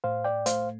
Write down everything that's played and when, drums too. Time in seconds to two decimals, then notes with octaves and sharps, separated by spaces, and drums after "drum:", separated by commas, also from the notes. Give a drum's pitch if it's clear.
0.04 A2 C5 F5
0.24 D5 G5
0.46 A3 C5 F5, drum: hi-hat